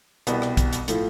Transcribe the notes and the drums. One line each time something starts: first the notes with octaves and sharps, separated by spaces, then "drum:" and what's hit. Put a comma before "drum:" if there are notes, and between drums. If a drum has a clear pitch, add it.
C2 B2 G3 B3, drum: hi-hat
drum: rim click
drum: kick, hi-hat
drum: hi-hat
A2 F3 A3, drum: hi-hat